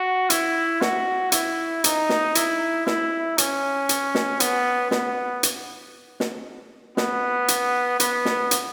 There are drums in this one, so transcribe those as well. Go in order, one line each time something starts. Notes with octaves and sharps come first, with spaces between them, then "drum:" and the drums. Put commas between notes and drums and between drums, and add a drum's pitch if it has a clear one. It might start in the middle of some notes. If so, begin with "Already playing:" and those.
Already playing: F#4
E4, drum: hi-hat
F#4, drum: snare
E4, drum: hi-hat
D#4, drum: hi-hat
drum: snare
E4, drum: hi-hat
E4, drum: snare
C#4, drum: hi-hat
drum: hi-hat
drum: snare
B3, drum: hi-hat
B3, drum: snare
drum: hi-hat
drum: snare
B3, drum: snare
drum: hi-hat
B3, drum: hi-hat
drum: snare
drum: hi-hat